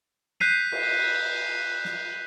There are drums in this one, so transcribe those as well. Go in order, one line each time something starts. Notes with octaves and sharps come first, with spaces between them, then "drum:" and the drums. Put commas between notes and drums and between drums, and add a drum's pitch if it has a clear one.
F#6 G6 B6 C7 D#7 F7, drum: snare
drum: cymbal
drum: snare